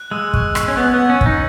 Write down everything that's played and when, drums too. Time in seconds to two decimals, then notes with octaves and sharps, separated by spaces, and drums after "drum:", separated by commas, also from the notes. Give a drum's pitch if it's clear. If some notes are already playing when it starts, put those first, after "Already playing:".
Already playing: F#6
0.11 G#3 E6
0.34 C#6, drum: kick
0.55 C#6, drum: rim click
0.68 C#4
0.77 B3 F#7
0.94 B3
0.99 G#6
1.10 C#4
1.21 D#4 G#6, drum: kick